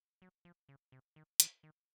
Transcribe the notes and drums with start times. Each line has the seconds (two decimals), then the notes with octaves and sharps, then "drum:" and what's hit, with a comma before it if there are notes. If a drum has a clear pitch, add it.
0.22 F#3
0.45 F3
0.69 C#3
0.92 C3
1.16 D#3
1.40 E3, drum: hi-hat
1.63 D#3